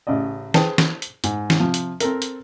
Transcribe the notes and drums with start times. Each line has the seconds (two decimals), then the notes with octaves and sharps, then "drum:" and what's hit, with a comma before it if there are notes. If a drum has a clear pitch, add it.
0.07 A1 C#3 D5 D#5
0.54 G#4 B4 C5 G5 A5, drum: snare
0.78 drum: snare
1.02 drum: hi-hat
1.24 G#2, drum: hi-hat
1.50 drum: snare
1.60 C3 F3
1.74 drum: hi-hat
2.00 C4 A4 A#4, drum: hi-hat
2.22 drum: hi-hat